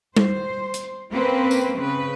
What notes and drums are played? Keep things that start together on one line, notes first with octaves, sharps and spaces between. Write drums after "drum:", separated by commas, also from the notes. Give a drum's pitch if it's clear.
C5, drum: tom G3
drum: hi-hat
A#3 C4 C#4 B4
drum: tambourine
C#3 B4